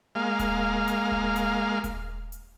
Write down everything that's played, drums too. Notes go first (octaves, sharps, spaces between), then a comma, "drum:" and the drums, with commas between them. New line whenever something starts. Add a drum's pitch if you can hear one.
G#3 A#3 F5
drum: kick D#1, hi-hat
drum: hi-hat
drum: kick D#1
drum: hi-hat
drum: kick D#1, hi-hat
drum: hi-hat